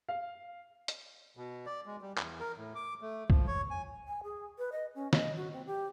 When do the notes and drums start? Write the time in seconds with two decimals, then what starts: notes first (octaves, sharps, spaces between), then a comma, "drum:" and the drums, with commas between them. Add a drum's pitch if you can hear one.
0.09 F5
0.88 drum: hi-hat
1.37 B2
1.66 D5
1.86 G#3
2.02 G3
2.18 E2, drum: clap
2.40 A#4
2.57 A2
2.75 D6
3.01 A3
3.30 F3, drum: kick
3.47 C#5
3.71 G#5
4.08 G#5
4.24 G#4
4.58 B4
4.72 D#5
4.95 C#4
5.13 D#5, drum: snare
5.36 F#4
5.52 C4
5.66 G4